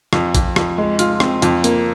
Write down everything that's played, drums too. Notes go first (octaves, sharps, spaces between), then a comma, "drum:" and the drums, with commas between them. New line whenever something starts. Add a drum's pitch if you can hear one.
F2, drum: rim click
F2, drum: kick A1, hi-hat
F2, drum: rim click
G#3
F4, drum: hi-hat
C4, drum: rim click
F2, drum: hi-hat
A#3, drum: hi-hat